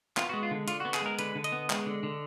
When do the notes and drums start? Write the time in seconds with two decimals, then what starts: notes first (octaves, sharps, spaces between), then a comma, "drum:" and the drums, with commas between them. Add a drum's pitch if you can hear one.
0.17 B3 F4, drum: clap
0.29 F#4
0.33 G#3
0.43 F4
0.51 D3
0.68 D3 F4, drum: hi-hat
0.80 F#4
0.85 B3
0.94 G#4, drum: clap
1.02 G#3 A#4
1.19 D3 B4, drum: hi-hat
1.35 D3
1.44 D#5, drum: hi-hat
1.52 B3
1.70 G#3, drum: clap
1.86 D3
2.03 D3